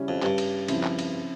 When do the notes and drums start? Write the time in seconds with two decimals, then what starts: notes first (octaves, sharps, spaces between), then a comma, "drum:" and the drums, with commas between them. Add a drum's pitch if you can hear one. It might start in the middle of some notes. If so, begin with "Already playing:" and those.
Already playing: C#3 G3 C#4 E4
0.08 F2
0.23 G2, drum: clap
0.38 drum: cymbal
0.68 C#3 F3 C4 E4, drum: cymbal
0.83 drum: clap
0.99 drum: cymbal